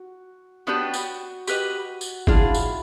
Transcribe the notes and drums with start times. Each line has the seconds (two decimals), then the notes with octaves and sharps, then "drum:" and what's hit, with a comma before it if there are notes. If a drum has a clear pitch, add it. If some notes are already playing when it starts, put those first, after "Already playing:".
Already playing: F#4
0.67 B3 D4 F#4 G4 B4
0.94 drum: tambourine
1.47 G4 B4 D#5, drum: tambourine
2.01 drum: tambourine
2.27 D4 E4 F4 G#4, drum: kick
2.55 drum: tambourine